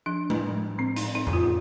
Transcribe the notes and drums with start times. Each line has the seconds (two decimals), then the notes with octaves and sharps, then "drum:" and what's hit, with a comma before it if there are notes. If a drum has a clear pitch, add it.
0.06 F3 D4
0.30 A2, drum: tom G#3
0.54 F3
0.79 A2 C4
0.96 D#4, drum: hi-hat
1.03 A2
1.15 D#4
1.27 A2, drum: tom F2
1.33 F4